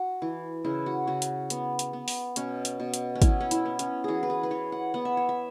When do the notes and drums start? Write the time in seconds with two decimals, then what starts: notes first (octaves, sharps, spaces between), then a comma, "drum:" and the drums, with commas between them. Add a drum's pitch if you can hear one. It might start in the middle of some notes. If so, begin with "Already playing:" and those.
Already playing: F#4
0.22 E3
0.64 C#3 E4
0.86 F#4
1.07 C#3 F#4
1.22 drum: hi-hat
1.50 B3, drum: hi-hat
1.79 drum: hi-hat
1.93 B3
2.08 drum: open hi-hat
2.36 B2 C#4, drum: hi-hat
2.65 drum: hi-hat
2.80 B2
2.94 drum: hi-hat
3.15 C#4
3.22 B3 E4, drum: kick, hi-hat
3.40 C#4
3.51 E4, drum: hi-hat
3.65 B3
3.79 C#4, drum: hi-hat
4.04 E3 F#4 G#4
4.23 B4
4.30 G#4
4.43 B4
4.51 E3 C#5
4.72 F#5
4.94 B3 F#5
5.05 E5
5.17 C#5
5.29 E5